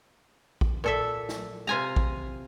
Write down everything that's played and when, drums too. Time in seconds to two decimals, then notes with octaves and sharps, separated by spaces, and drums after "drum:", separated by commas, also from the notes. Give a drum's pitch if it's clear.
0.61 drum: kick
0.84 A#2 A4 E5
1.29 drum: snare
1.67 C3 F4 G#5 A#5
1.96 drum: kick